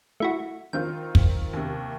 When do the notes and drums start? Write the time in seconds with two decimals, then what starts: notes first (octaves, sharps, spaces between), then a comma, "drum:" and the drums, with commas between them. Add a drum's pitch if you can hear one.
0.20 A3 E4 F#4
0.73 D#3 C4 F4 G5
1.15 drum: kick
1.53 D#2 C3